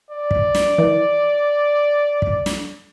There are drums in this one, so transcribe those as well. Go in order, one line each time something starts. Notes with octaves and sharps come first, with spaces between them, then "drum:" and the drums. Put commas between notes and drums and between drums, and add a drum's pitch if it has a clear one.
D5
drum: kick
drum: snare
E3
drum: kick
drum: snare